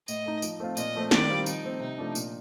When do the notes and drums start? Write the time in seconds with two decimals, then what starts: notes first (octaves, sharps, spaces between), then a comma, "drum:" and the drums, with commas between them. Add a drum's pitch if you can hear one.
0.08 A2 D#5, drum: tambourine
0.26 A3 D#4
0.42 F3, drum: tambourine
0.60 A3 C4 F4
0.77 A#2 D#5, drum: tambourine
0.95 F3 A3 C4
1.11 D#3 D5, drum: snare
1.29 G3 C4 F4
1.46 F3 D#4, drum: tambourine
1.64 A3 C4
1.80 C3 D#4
1.98 F3 A3 D4
2.15 A#2, drum: tambourine